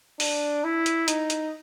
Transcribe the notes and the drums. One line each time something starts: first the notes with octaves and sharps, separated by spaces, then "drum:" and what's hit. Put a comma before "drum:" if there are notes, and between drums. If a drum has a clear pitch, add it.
D4, drum: open hi-hat
E4
drum: hi-hat
D#4, drum: hi-hat
drum: hi-hat